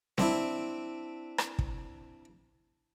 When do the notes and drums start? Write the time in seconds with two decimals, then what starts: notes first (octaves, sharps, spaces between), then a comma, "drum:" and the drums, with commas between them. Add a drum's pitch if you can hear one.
0.18 C4 D4 E4, drum: snare C4
1.38 drum: rim click
1.59 drum: kick